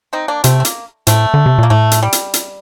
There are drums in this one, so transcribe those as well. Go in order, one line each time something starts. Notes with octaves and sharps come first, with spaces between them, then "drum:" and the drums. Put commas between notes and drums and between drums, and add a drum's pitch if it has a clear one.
C4 D#4
A#3 D4
C3 A3 C4, drum: hi-hat
C4
A#3, drum: hi-hat
A2 A3 C4, drum: hi-hat
D3
C3
A#2 A#3
A2 A3
drum: hi-hat
G3
drum: hi-hat
drum: hi-hat